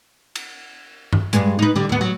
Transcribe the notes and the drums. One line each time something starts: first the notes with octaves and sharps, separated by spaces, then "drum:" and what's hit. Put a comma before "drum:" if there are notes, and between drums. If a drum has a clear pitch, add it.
drum: cymbal
drum: tom G2
G2 G#3, drum: hi-hat
D#4 B4
D3 G3
D#2 B3
F#3